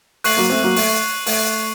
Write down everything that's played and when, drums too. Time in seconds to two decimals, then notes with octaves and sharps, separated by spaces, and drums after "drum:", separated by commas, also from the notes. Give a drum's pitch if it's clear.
0.24 A3 C#6 F#6 C7 D#7 F#7, drum: open hi-hat
0.37 F#3 A#3
0.50 A3 C4
0.63 F#3 A#3
0.76 A3, drum: open hi-hat
1.26 A3, drum: open hi-hat